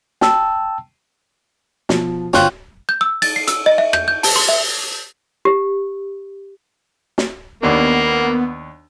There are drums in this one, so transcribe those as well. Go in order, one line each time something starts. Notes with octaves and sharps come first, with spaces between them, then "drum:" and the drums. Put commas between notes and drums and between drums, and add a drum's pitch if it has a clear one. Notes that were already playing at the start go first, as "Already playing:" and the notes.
G5 A5 E6, drum: snare
B2 F3, drum: snare
G1 C#4 F4 C5 G5 F#6, drum: snare
G6
E6
A6, drum: cymbal
C7
E6, drum: hi-hat
D#5
E5
G6, drum: rim click
G6
A5, drum: open hi-hat
C6
E5
G4
drum: snare
D#2 A#3 B3 D4